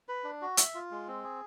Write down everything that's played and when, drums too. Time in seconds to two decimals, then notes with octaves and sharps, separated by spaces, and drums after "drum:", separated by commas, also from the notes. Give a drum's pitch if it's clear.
0.09 B4
0.24 D4
0.42 F#4
0.57 E5, drum: hi-hat
0.75 F4
0.91 G#3
1.08 C4
1.24 G#4